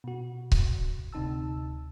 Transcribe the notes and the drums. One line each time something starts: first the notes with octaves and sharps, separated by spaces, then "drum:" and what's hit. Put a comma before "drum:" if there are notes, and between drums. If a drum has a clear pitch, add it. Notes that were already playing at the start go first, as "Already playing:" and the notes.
B2 F#4
drum: kick C#1
D2 C3 D#4 A5 E6